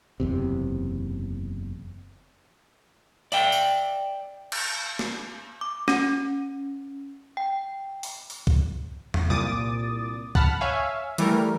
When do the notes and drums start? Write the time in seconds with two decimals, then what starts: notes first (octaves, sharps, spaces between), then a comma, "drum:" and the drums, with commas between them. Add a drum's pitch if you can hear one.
0.20 F#1 E2 C3
3.32 D5 E5 G5, drum: open hi-hat
3.52 drum: tambourine
4.52 drum: cymbal
4.99 drum: snare
5.61 D6
5.88 C#4, drum: snare
7.37 G5
8.03 drum: open hi-hat
8.30 drum: open hi-hat
8.47 drum: kick
9.14 drum: tom E2
9.30 C2 A#2 D6 D#6 A6
10.35 F#5 A5 B5 F6, drum: kick
10.61 C#5 E5 F5 G#5
11.18 E3 G3 A3 A#4, drum: hi-hat